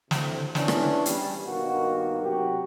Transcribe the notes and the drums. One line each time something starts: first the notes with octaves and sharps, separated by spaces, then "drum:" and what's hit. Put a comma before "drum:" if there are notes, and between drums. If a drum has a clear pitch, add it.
D2 A2 C3, drum: snare
E2 E3 C#4 D4, drum: snare
drum: rim click
G3, drum: hi-hat
G2 B2 D#3 A#3 F#4
C3 F#3 F#4 G4